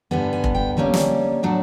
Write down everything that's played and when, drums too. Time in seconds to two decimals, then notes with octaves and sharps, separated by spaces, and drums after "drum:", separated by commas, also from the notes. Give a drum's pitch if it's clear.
0.11 G2 D3 G3 B3 G#5
0.33 G#5
0.44 drum: kick F1
0.55 G5
0.77 D3 G3 A#3 C#4 G#5
0.94 drum: snare
1.43 A2 F#3 A3 D4